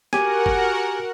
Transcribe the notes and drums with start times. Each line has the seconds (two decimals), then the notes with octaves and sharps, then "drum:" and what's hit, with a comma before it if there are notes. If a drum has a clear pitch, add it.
0.13 F#4 G4 A#4 F#5 G#5, drum: snare
0.46 drum: kick F#1